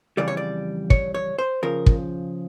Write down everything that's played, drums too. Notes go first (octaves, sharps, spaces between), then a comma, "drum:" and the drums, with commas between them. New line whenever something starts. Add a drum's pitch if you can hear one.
F2 C#3 E3 G3 D5
C#5
D5
C#5, drum: kick
C#5
C5
C#3 F3 A#4
drum: kick